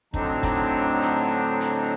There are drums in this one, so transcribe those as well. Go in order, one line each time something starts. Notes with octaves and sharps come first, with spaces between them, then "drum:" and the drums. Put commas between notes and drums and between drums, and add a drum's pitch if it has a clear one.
A2 D3 F#3 C4 D4 D#4, drum: kick
drum: kick, hi-hat
drum: hi-hat
drum: hi-hat